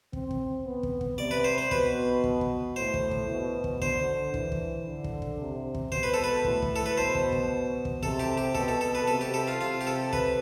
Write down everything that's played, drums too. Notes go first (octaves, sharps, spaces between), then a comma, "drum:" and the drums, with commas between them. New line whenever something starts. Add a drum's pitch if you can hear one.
C4, drum: kick
drum: kick
B3
drum: kick
drum: kick
C3 D5
B4
C5
C5
B2 B4, drum: kick
drum: kick
drum: kick
A2 C5
drum: kick
drum: kick
B2
drum: kick
D3 C5, drum: kick
E3, drum: kick
drum: kick
D3
drum: kick
drum: kick
C3
drum: kick
B2 C5, drum: kick
B4
A4
B4
A2, drum: kick
drum: kick
A4
B4
B2 C5
drum: kick
drum: kick
drum: kick
C3 A4, drum: kick
G4
G4
B2 A4, drum: kick
A4
A4
B4
C3 A4
G4
A4
F4
C3 F4
G4
A4
B4, drum: kick